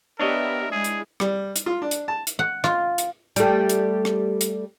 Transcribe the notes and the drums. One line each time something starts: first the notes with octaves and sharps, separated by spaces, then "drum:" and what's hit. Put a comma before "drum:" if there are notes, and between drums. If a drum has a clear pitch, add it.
B3 D4 G4 A#4 C#5 D#5 E5
G#3 E4 G#4
drum: hi-hat
G3, drum: rim click
drum: hi-hat
F4
D4
drum: hi-hat
A5
drum: hi-hat
F#5
F4, drum: rim click
drum: hi-hat
G3 A3, drum: hi-hat
drum: hi-hat
drum: rim click
drum: hi-hat